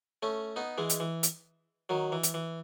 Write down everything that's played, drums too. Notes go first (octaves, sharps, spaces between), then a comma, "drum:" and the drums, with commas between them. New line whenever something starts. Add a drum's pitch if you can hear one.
A3 C#4
B3 D#4
E3 G#3
drum: hi-hat
E3
drum: hi-hat
D#3 F#3
E3
drum: hi-hat
E3